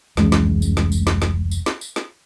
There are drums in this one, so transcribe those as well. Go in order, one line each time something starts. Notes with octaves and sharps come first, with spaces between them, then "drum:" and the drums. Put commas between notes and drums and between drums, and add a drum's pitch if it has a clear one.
F1 C#2 C#3 E3, drum: snare
drum: snare
drum: tambourine
drum: snare
drum: tambourine
drum: snare
drum: snare
drum: tambourine
drum: snare
drum: tambourine
drum: snare